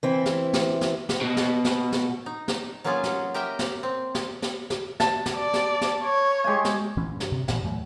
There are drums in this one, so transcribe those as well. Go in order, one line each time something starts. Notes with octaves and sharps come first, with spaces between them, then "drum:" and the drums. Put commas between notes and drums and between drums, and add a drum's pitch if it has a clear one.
E3 C4 E4
drum: snare
drum: snare
drum: snare
drum: snare
B2
drum: snare
drum: snare
drum: snare
D#4
drum: snare
F#3 A#3 B3 C#4 F4 G#4
drum: snare
G4 A#4 D#5 E5 G5
drum: snare
C4
drum: snare
drum: snare
drum: snare
A5, drum: snare
drum: snare
D5
drum: snare
drum: snare
C#5
G#3 G4 G#5
drum: snare
A1 E3 F3 C#4
G2
drum: snare
C3
A1 A#2 E3, drum: snare
E2 E3 F#3 A3